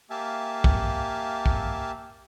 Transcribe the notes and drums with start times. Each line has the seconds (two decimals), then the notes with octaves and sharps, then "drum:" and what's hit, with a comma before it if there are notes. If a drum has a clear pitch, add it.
0.10 A#3 G4 E5 F5 G#5 A5
0.64 drum: kick
1.46 drum: kick